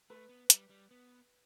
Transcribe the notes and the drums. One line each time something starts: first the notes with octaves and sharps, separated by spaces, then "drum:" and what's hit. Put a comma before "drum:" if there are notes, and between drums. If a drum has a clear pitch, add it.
A3 B4
B3
G3, drum: hi-hat
G3
B3